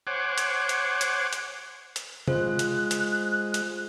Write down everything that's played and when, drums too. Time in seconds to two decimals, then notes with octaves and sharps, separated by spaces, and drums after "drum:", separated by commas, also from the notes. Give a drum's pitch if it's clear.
0.07 C5 C#5 F#5 G#5 D6
0.38 drum: hi-hat
0.69 drum: hi-hat
1.01 drum: hi-hat
1.33 drum: hi-hat
1.96 drum: hi-hat
2.28 G#3 F4 C5 F#6, drum: tom
2.59 drum: hi-hat
2.91 drum: hi-hat
3.54 drum: hi-hat